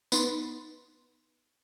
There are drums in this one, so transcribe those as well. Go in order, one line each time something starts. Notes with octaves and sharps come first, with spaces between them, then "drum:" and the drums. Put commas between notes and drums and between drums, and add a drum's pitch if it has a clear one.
B3 D#4 C6 A6, drum: tambourine